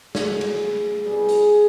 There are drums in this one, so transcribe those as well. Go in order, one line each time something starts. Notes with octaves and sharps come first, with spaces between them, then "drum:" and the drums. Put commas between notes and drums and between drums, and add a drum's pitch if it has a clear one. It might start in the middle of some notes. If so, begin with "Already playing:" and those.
A2 F#3 A3 G#4, drum: snare
drum: cymbal
C2 B2 G3 G#4
drum: hi-hat